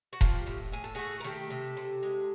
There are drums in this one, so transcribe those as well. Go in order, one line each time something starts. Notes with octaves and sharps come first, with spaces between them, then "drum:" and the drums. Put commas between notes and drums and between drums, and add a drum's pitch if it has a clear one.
F#4
F3 F4 G4, drum: kick E1
A2
A2 G#4
A4
A3 F#4 G#4
A#4
D#3 G4 A4
C3
C3
G#3